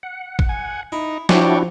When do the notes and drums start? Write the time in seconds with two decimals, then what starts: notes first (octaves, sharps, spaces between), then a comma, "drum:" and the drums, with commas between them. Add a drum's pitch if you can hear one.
0.03 F#5
0.39 drum: kick
0.49 G#5
0.92 D#4 E4
1.29 F3 D4 E4 F#4 C#5 D5 G5, drum: snare